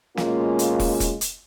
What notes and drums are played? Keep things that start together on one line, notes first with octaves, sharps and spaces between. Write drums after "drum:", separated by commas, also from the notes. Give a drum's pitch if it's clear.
B2 G#3 A#3 C#4 F4, drum: snare
drum: hi-hat
drum: kick, open hi-hat
drum: kick, hi-hat
drum: hi-hat